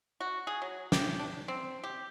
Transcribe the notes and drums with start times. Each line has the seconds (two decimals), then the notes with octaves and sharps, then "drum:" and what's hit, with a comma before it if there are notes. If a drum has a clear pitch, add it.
0.20 F#4
0.47 G#4
0.62 F#3
0.92 G4, drum: snare
1.19 D4
1.48 C4
1.84 G4